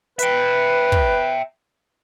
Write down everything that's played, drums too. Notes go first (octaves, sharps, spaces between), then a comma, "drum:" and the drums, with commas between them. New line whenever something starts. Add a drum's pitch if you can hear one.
B4 E5 G5, drum: hi-hat
drum: kick